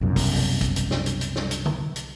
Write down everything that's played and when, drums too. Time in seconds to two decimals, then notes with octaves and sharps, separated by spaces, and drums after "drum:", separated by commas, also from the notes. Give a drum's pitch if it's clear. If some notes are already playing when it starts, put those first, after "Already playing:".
0.01 C2 F#2 B2
0.16 drum: kick, open hi-hat
0.31 drum: open hi-hat
0.61 drum: kick, hi-hat
0.76 drum: hi-hat
0.91 drum: snare
1.06 drum: hi-hat
1.21 drum: hi-hat
1.36 drum: snare
1.51 drum: hi-hat
1.66 drum: tom D3
1.96 drum: hi-hat